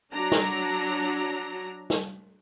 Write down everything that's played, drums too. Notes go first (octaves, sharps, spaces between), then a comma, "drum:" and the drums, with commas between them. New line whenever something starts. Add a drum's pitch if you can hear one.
F#3 D4 A#5
drum: snare
drum: snare